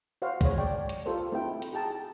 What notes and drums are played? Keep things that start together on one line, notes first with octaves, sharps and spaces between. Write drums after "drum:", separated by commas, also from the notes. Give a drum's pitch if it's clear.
F#4 C5 C#5 F5 F#5
G#3 C#5, drum: kick, hi-hat
C#5 D5 G5
drum: hi-hat
F4 G4 A4 A#4 C5
A3 C4 D#4 E4 G#4 G5
drum: hi-hat
F#4 G#4 G5 A5 A#5